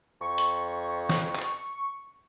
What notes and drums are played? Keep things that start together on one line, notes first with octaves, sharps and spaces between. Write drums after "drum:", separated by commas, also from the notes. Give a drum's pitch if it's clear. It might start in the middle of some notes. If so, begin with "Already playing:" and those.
F2 C#6
drum: hi-hat
drum: snare
drum: clap